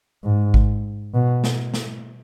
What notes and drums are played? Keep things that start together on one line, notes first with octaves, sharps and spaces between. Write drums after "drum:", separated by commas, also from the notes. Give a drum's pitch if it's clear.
G#2
drum: kick G#1
B2
drum: snare
drum: snare